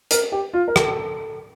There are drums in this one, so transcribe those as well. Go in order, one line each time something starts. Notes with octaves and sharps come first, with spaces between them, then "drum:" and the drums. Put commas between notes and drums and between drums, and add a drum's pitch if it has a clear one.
A#4, drum: hi-hat
G4
F4
A#4
A4, drum: rim click